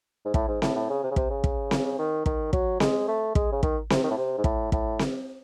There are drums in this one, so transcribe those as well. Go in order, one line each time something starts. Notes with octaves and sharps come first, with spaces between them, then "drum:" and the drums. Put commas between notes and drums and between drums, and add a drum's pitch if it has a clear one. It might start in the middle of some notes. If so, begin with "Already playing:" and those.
G#2
A2, drum: kick
G#2
A2, drum: snare C4
A2
C#3
C3
C#3
C3, drum: kick
C#3
drum: kick
drum: snare C4
D#3
D#3, drum: kick
F#3, drum: kick
G#3, drum: snare C4
A3
G#3, drum: kick
C#3
D#3, drum: kick
C3, drum: snare C4
D#3
A2
C3
G#2
A2, drum: kick
A2, drum: kick
drum: snare C4